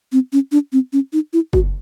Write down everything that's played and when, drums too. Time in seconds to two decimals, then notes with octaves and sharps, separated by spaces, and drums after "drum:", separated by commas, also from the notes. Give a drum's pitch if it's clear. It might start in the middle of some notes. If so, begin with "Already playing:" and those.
0.12 C4
0.33 C#4
0.52 D4
0.73 C4
0.93 C#4
1.13 D#4
1.33 E4
1.53 F#4, drum: kick